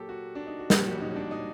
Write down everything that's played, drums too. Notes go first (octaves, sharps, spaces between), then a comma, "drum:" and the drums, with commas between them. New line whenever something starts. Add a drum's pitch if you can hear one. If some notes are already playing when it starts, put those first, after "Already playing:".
Already playing: A#2 F#3 A#3 G4 A4
F#4
D4
D#4
F#4
A#2 G3 A#3 G4, drum: snare
F#4
D#4
D4
D#4